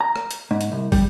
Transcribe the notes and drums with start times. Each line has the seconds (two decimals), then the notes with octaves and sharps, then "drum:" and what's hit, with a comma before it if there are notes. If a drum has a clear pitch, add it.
0.01 A#5
0.16 drum: rim click
0.31 drum: hi-hat
0.51 G#2
0.61 drum: hi-hat
0.72 C2
0.92 G3, drum: kick, open hi-hat